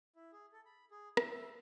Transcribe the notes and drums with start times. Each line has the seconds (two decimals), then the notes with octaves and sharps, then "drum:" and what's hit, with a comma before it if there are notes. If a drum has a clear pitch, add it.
0.16 E4
0.32 G#4
0.52 A4
0.66 B5
0.91 G#4
1.17 E4, drum: rim click
1.31 E5